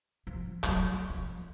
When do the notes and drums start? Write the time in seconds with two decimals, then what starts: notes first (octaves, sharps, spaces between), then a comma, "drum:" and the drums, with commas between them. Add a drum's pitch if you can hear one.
0.27 F3
0.64 F3, drum: clap
0.68 F#3
1.10 F3